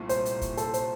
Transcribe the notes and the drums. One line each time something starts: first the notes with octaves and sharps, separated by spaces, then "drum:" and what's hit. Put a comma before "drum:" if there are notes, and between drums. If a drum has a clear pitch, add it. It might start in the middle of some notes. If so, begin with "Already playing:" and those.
Already playing: C2 A#2 A3
C5, drum: hi-hat
drum: hi-hat
drum: kick, hi-hat
A4, drum: hi-hat
C5, drum: hi-hat